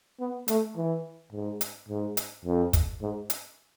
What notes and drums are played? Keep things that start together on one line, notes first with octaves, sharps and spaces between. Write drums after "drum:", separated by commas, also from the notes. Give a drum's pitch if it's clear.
B3
A3, drum: hi-hat
E3
G#2
drum: hi-hat
G#2
drum: hi-hat
F2
drum: kick, hi-hat
G#2
drum: hi-hat